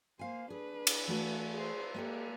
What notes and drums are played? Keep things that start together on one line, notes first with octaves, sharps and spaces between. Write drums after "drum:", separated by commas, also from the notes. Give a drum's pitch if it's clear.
A#3 C5 F5 G#5
D4 G#4 B4
drum: cymbal
E3 A3 F#4
G#4 C5
G#3 A#3 G4 A4